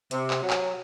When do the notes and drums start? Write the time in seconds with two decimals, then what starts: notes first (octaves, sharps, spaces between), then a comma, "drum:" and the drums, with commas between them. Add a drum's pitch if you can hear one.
0.11 C3, drum: hi-hat
0.30 drum: clap
0.41 F#3
0.50 drum: clap